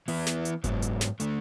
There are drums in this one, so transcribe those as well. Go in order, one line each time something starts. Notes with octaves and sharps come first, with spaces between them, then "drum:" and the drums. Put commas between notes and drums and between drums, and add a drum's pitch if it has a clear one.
E3 B3 E4 B4, drum: open hi-hat
drum: snare
drum: hi-hat
G#2 F#3 B3, drum: kick F#1, hi-hat
drum: hi-hat
drum: snare
D3 A3, drum: hi-hat